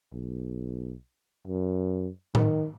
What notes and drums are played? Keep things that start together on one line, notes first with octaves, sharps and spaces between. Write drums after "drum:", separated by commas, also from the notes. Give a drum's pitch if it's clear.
B1
F#2
D#3, drum: tom A2